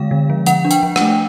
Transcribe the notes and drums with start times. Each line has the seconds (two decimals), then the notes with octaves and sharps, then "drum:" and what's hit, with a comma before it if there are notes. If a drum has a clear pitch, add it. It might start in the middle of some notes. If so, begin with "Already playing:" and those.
Already playing: D3 G#3 F5
0.11 D3
0.30 F3
0.46 F3 F#5, drum: hi-hat
0.65 D4
0.71 G5, drum: hi-hat
0.83 F3
0.96 A3 F#5, drum: rim click